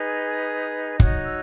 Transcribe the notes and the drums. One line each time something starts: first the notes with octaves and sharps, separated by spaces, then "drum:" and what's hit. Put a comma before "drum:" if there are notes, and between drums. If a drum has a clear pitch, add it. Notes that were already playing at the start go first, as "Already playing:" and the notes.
Already playing: D#4 G#4 B4
D#6
D#4 F#4 C#5 D#6, drum: kick
E6